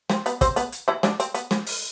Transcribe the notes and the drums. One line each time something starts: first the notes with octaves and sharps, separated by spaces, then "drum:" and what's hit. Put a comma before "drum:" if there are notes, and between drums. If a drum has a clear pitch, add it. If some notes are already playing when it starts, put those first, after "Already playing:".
C4, drum: snare
B3 B4, drum: hi-hat
C4 C5, drum: kick, hi-hat
B3 B4, drum: hi-hat
drum: hi-hat
E3 E4
D3 D4, drum: snare
C4, drum: hi-hat
B3, drum: hi-hat
drum: snare
drum: open hi-hat